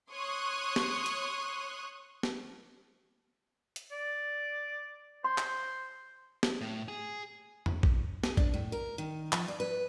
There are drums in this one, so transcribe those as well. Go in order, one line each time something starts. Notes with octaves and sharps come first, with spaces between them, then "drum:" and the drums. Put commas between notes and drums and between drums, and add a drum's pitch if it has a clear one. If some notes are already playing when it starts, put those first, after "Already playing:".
C#5 C6 C#6 D#6 F#6
drum: snare
drum: hi-hat
drum: snare
drum: hi-hat
D5
C5 C6
drum: clap
drum: snare
A2
G#4
drum: tom
drum: kick A#1
G#4, drum: snare
D4, drum: kick A#1
A2
A#4
D#3
F3, drum: clap
D5
B4